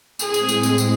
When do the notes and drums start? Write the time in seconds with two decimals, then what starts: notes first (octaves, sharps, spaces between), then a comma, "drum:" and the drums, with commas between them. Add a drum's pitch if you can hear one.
0.19 A2 G#3 C4 G#4, drum: tambourine
0.34 drum: tambourine
0.49 drum: tambourine
0.63 drum: tambourine
0.78 drum: tambourine